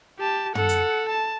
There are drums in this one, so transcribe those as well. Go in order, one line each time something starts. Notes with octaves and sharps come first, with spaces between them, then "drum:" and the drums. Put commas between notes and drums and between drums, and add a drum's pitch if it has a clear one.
G4 A5
A4 F#5, drum: tom
drum: hi-hat
A5